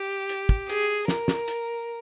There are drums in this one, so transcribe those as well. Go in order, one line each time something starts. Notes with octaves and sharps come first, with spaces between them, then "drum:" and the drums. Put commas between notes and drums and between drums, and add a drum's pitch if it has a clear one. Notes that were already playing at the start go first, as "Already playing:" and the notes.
Already playing: G4
drum: hi-hat
drum: kick
G#4, drum: hi-hat
A#4, drum: snare
drum: snare
drum: hi-hat